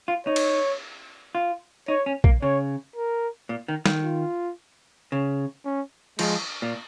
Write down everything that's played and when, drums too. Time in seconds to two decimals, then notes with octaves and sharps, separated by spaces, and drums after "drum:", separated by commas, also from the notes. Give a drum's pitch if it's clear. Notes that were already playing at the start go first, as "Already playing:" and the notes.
0.08 F4
0.27 D#4 C#5
0.36 drum: cymbal
1.35 F4
1.88 D#4 C#5
2.06 C#4
2.24 A#3, drum: kick A#1
2.42 C#3 C#5
2.96 A#4
3.49 A#2
3.68 D#3
3.86 D#3, drum: snare
4.04 F4
5.12 C#3
5.65 C#4
6.19 F3 G#3, drum: cymbal
6.62 A#2